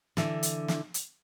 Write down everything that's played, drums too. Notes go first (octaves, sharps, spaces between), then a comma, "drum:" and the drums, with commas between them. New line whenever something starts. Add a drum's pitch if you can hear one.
D3 E3, drum: snare
drum: hi-hat
drum: snare
drum: hi-hat